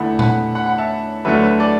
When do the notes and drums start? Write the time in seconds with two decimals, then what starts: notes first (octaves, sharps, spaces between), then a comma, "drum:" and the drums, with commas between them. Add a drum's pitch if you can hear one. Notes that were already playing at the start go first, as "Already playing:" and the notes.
Already playing: E2 D3 A3 F#5 B5
0.19 F#5 B5, drum: tom A#2
0.55 F#5 B5
0.66 F#5 B5
0.78 E5 A5
1.25 D2 D3 F#3 A3 B4 E5
1.43 B4
1.60 A4 D5